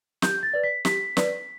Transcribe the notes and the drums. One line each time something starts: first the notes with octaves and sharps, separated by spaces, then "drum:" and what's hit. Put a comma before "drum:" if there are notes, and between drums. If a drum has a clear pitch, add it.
G4 G6, drum: snare
A6
B4 D5
B6
G4 B6, drum: snare
B4 D5, drum: snare